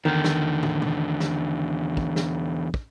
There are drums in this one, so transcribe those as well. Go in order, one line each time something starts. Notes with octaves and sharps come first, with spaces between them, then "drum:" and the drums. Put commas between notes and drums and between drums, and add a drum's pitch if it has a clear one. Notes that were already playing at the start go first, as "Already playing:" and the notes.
E2 D3 D#3
drum: snare
drum: tom
drum: tom B2
drum: snare
drum: kick
drum: snare
drum: kick